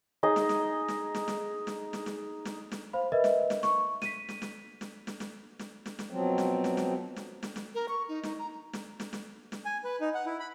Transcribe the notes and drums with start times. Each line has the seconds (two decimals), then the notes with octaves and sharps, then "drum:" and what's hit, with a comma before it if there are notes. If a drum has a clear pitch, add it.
0.23 D#4 G#4 D#5
0.36 drum: snare
0.49 drum: snare
0.88 drum: snare
1.15 drum: snare
1.28 drum: snare
1.67 drum: snare
1.93 drum: snare
2.06 drum: snare
2.45 drum: snare
2.72 drum: snare
2.93 C5 F5 B5
3.12 A#4 B4 D#5 E5
3.24 drum: snare
3.50 drum: snare
3.63 C#6, drum: snare
4.02 B6 D#7, drum: snare
4.29 drum: snare
4.42 drum: snare
4.81 drum: snare
5.07 drum: snare
5.20 drum: snare
5.59 drum: snare
5.86 drum: snare
5.99 drum: snare
6.11 B2 F3 F#3 C4
6.38 drum: snare
6.64 drum: snare
6.77 drum: snare
7.16 drum: snare
7.43 drum: snare
7.56 drum: snare
7.75 A#4
7.89 C#6
8.09 D#4
8.23 D#4, drum: snare
8.38 A#5
8.73 drum: snare
9.00 drum: snare
9.13 drum: snare
9.52 drum: snare
9.65 G#5
9.84 B4
10.01 D#4
10.14 F#5
10.26 E4
10.40 B5